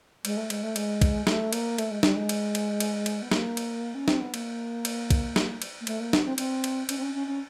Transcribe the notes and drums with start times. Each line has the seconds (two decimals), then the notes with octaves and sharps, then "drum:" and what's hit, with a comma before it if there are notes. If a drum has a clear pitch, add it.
0.25 G#3, drum: cymbal
0.37 A3
0.50 G#3, drum: cymbal
0.63 A3
0.76 G#3, drum: cymbal
1.02 drum: kick, cymbal
1.27 A3, drum: snare
1.53 A#3, drum: cymbal
1.78 A3, drum: cymbal
1.91 G#3
2.03 G3, drum: snare
2.16 G#3
2.29 drum: cymbal
2.55 drum: cymbal
2.80 drum: cymbal
3.06 drum: cymbal
3.22 B3
3.31 A#3, drum: snare
3.57 drum: cymbal
3.95 C#4
4.08 C4, drum: snare
4.21 B3
4.34 A#3, drum: cymbal
4.85 drum: cymbal
5.10 drum: kick, cymbal
5.36 drum: snare
5.62 drum: cymbal
5.81 A#3
5.87 A3, drum: cymbal
6.00 A#3
6.13 B3, drum: snare
6.25 C4
6.38 C4, drum: cymbal
6.64 drum: cymbal
6.89 C#4, drum: cymbal
6.98 C4
7.02 C#4
7.14 C#4
7.28 C#4